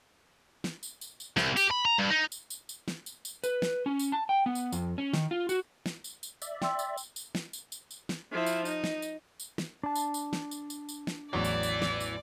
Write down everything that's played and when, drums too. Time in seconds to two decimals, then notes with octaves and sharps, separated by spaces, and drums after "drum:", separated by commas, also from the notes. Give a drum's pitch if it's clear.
0.64 drum: snare
0.83 drum: tambourine
1.01 drum: tambourine
1.20 drum: tambourine
1.37 C2, drum: snare
1.57 G4, drum: tambourine
1.71 B5
1.85 A#5
1.98 G2
2.10 D#4
2.32 drum: tambourine
2.50 drum: tambourine
2.69 drum: tambourine
2.88 drum: snare
3.06 drum: tambourine
3.25 drum: tambourine
3.44 B4, drum: tambourine
3.62 drum: snare
3.86 C#4
3.99 drum: tambourine
4.12 A5
4.29 G5
4.46 B3
4.55 drum: tambourine
4.72 F2, drum: tambourine
4.98 C#4
5.13 D#3, drum: snare
5.31 F4
5.49 F#4, drum: tambourine
5.86 drum: snare
6.04 drum: tambourine
6.23 drum: tambourine
6.42 D5 E5, drum: tambourine
6.62 G5 C6 E6, drum: snare
6.79 drum: tambourine
6.97 drum: tambourine
7.16 drum: tambourine
7.35 drum: snare
7.53 drum: tambourine
7.72 drum: tambourine
7.91 drum: tambourine
8.09 drum: snare
8.32 F3 E4
8.46 drum: tambourine
8.65 D#4, drum: tambourine
8.84 drum: snare
9.02 drum: tambourine
9.40 drum: tambourine
9.58 drum: snare
9.83 D4 A5
9.96 drum: tambourine
10.14 drum: tambourine
10.33 drum: snare
10.51 drum: tambourine
10.70 drum: tambourine
10.89 drum: tambourine
11.07 drum: snare
11.33 A1 E2 E3 F#3 D5
11.45 drum: tambourine
11.63 drum: tambourine
11.82 drum: snare
12.00 drum: tambourine